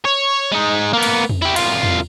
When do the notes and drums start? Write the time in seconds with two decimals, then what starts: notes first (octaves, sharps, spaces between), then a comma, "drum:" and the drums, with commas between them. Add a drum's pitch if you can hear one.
0.05 C#5
0.52 G#3 D#4
0.93 A#3 B3
1.03 drum: cymbal
1.29 drum: tom
1.42 E4 G4
1.56 C2 F4, drum: cymbal
1.83 drum: tom